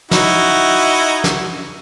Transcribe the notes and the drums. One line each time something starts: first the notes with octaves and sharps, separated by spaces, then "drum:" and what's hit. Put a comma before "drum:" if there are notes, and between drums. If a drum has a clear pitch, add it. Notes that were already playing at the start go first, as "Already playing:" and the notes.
D#4 E4 F#4, drum: snare
drum: snare